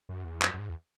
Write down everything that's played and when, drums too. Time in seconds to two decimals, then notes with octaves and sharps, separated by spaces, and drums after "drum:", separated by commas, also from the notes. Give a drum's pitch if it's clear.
0.09 F#2
0.25 E2
0.42 F#2, drum: clap
0.54 F#2
0.59 G#2
0.69 E2